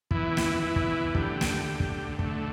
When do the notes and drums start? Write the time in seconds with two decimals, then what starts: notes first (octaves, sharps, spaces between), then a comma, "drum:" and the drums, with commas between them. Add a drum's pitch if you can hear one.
0.11 E2 E3 E4, drum: kick
0.37 drum: snare
0.63 E2 E3
0.76 drum: kick
1.15 D2 D3 G4, drum: kick
1.41 drum: snare
1.66 D2 D3
1.80 drum: kick
2.19 D2 D3 A3, drum: kick